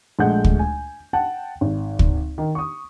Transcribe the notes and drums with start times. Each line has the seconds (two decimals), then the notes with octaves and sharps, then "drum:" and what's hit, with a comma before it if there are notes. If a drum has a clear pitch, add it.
0.19 A#1 G#3 A3 F#5 G6
0.44 drum: kick
0.59 G#5
1.13 F#5 G5 A5
1.61 G#1
1.99 drum: kick
2.38 D#3
2.55 C#6 D#6